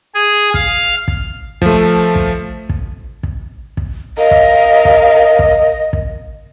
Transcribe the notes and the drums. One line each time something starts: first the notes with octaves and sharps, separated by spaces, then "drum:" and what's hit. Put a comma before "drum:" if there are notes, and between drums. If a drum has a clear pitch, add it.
G#4
F5, drum: kick
drum: kick
F3 A3, drum: kick
drum: kick
drum: kick
drum: kick
drum: kick
A#4 D#5 F5
drum: kick
drum: kick
drum: kick
drum: kick